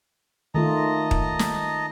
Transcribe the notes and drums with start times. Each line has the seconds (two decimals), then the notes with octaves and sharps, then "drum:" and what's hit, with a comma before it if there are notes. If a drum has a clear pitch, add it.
0.54 D#3 A3 F4 D#5 A5 A#5
1.11 drum: kick
1.39 drum: snare